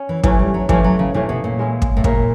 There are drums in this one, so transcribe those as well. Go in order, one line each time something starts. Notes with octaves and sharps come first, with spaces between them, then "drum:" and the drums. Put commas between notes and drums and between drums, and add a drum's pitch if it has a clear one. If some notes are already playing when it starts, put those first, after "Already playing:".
Already playing: C#4
E3
E3 F#3 A3 C#4, drum: kick
G3
F#3
E3 F3 A3 C#4, drum: kick
F#3
C#3
C3 E3 A3 C#4
B2
A#2
G#3 C#4 E4
drum: kick
A2
A#2 G#3 C#4 E4, drum: kick